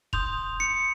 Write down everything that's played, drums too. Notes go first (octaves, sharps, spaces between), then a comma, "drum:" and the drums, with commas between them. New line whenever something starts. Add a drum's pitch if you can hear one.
C6 D#6 G6 F7, drum: kick E1
C#7